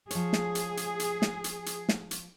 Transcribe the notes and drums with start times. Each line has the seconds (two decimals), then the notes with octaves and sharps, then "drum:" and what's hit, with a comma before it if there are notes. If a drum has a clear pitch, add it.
0.10 F3 G#4 C#5, drum: hi-hat
0.33 drum: snare
0.55 drum: hi-hat
0.77 drum: hi-hat
1.00 drum: hi-hat
1.22 drum: snare
1.44 drum: hi-hat
1.66 drum: hi-hat
1.89 drum: snare
2.11 drum: hi-hat